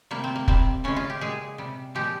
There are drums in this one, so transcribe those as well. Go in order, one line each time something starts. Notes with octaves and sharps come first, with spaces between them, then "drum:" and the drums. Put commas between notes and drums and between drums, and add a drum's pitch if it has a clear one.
C3 G3 A#3
C4
A#3
C3 G3 C4, drum: kick
C#3 E3 G#3 C#4
F4
G4
A#2 G#3 G#4
C3 G3
A#2 F3 G#3 G4